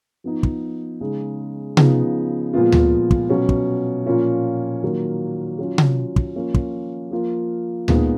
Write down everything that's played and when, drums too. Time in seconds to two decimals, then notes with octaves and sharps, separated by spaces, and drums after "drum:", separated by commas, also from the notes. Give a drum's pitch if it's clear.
0.24 F3 B3 D#4
0.43 drum: kick
1.01 C#3 G#3 D#4
1.77 C#3 F3 B3 D#4, drum: tom C3
2.53 A#2 F3 G#3 B3 F4
2.72 drum: tom D2
3.11 drum: kick
3.30 B2 F#3 C#4
3.49 drum: kick
4.06 A#2 F3 A#3 C#4 F4
4.82 D#3 F#3 A#3 F4
5.59 F#3 C#4 F4
5.78 drum: tom C3
6.16 drum: kick
6.36 F3 A#3 C#4 F4
6.54 drum: kick
7.11 F3 A#3 F4
7.88 A#2 G#3 B3 D#4, drum: tom D2